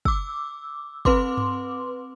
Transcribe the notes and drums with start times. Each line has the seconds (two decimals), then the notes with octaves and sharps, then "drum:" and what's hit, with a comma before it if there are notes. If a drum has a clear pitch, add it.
0.05 D6 E6, drum: kick
1.05 C4 B4 C6 D6, drum: kick
1.37 drum: tom G2